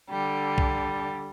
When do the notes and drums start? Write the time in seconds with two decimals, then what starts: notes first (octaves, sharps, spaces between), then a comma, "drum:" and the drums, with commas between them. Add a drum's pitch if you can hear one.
0.10 D3 G3
0.58 drum: kick B1